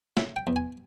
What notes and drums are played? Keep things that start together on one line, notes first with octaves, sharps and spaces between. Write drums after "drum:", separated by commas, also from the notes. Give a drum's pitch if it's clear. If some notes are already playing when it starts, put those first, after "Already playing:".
C#3 E5, drum: snare
G5
E2
G#5